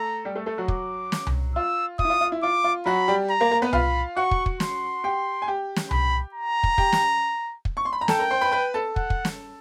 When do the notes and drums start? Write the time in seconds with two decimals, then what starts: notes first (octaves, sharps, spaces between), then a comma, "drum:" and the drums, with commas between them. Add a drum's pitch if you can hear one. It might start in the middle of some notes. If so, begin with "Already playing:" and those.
Already playing: A3 A4 A#5
0.25 G3 G4
0.35 A3 A4
0.46 A3 A4
0.58 F#3 F#4
0.68 D6, drum: kick
1.12 drum: snare
1.27 drum: tom C2
1.56 F4 E6
1.99 F4 D#6, drum: kick
2.05 E4
2.10 F4
2.21 F4
2.32 E4
2.43 F4 D6
2.64 F4
2.86 F#3 F#4 B5
3.08 G3 G4
3.30 A#5
3.40 A#3 A#4
3.51 A#3 A#4
3.62 B3 B4
3.73 F4 F5 B5, drum: tom C2
4.16 F#4 F#5 C#6
4.31 drum: kick
4.46 drum: kick
4.60 C6, drum: snare
5.04 G4 G5
5.42 G#5
5.47 G4 G5
5.76 drum: snare
5.91 B5, drum: tom C2
6.34 A#5
6.64 drum: kick
6.78 G4 G5, drum: kick
6.93 drum: snare
7.65 drum: kick
7.77 C#6
7.85 C6
7.93 B5
8.01 A#5
8.08 A4 G5 A5, drum: snare
8.19 A#4 A#5
8.31 C5 C6
8.41 B4 B5
8.52 B4 B5
8.74 A4 A5
8.96 F#5, drum: kick
9.10 drum: kick
9.25 drum: snare